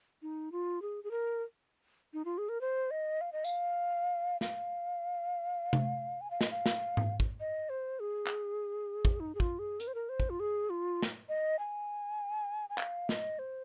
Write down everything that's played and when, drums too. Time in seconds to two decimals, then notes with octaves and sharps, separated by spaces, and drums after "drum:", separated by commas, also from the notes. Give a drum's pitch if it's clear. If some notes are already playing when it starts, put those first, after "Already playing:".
0.22 D#4
0.52 F4
0.82 G#4
1.04 G#4
1.11 A#4
2.14 D#4
2.25 F4
2.38 G#4
2.49 A#4
2.61 C5
2.91 D#5
3.21 F5
3.33 D#5
3.45 F5, drum: tambourine
4.41 F5, drum: snare
5.73 drum: tom C3
6.21 G#5
6.31 F5
6.41 D#5, drum: snare
6.51 F5
6.66 drum: snare
6.97 drum: tom G#2
7.20 drum: kick
7.40 D#5
7.69 C5
8.00 G#4
8.27 drum: clap
9.05 drum: kick
9.20 D#4
9.35 G#4
9.40 F4, drum: kick
9.59 G#4
9.80 A#4, drum: hi-hat
9.88 C5
9.95 A#4
10.09 C5
10.20 drum: kick
10.30 F4
10.40 G#4
10.70 F4
11.02 drum: snare
11.29 D#5
11.59 G#5
12.70 G#5
12.78 F5, drum: clap
13.09 D#5, drum: snare
13.39 C5